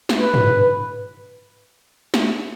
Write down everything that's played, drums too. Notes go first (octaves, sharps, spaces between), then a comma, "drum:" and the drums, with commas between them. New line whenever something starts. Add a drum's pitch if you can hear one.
drum: snare
B4
drum: tom
drum: snare